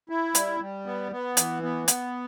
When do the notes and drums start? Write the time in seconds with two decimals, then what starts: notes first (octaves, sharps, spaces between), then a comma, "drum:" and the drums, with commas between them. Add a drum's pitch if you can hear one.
0.09 E4
0.35 G3, drum: hi-hat
0.60 G3
0.86 B3
1.12 B3
1.37 E3, drum: hi-hat
1.63 B3
1.88 B3, drum: hi-hat